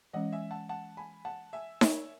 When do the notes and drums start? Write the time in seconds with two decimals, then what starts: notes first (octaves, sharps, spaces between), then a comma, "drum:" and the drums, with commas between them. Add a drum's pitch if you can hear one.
0.13 E3 G#3 C#4 D#5 F#5
0.32 E5 G#5
0.51 F#5 A5
0.69 F#5 A5
0.97 G#5 B5
1.25 F#5 A5
1.53 E5 G#5
1.81 C#5 E5, drum: snare D#4